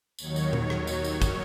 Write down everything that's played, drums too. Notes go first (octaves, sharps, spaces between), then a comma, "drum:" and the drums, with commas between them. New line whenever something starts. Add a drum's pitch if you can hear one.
D#2 D#3 F#3 C#5, drum: tambourine
drum: tambourine
drum: tom A#2
drum: rim click
drum: tambourine
drum: tambourine
drum: kick, tambourine